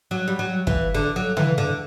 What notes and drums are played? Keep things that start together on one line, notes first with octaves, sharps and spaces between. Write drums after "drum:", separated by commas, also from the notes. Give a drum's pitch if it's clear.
F#3
G3
F#3
E3, drum: kick
D3
F#3
E3, drum: tom C#3
D3